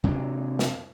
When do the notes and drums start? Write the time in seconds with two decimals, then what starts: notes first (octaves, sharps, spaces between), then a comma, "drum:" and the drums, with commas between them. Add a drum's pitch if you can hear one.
0.04 C3 F#3 C4 D4
0.59 drum: snare